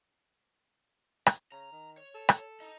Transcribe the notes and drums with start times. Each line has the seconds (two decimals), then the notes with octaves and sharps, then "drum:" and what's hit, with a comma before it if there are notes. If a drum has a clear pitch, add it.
1.26 drum: rim click
1.52 C#3 A#5
1.72 D#3
1.97 C#5
2.15 A4
2.29 drum: rim click
2.60 D#5 A#5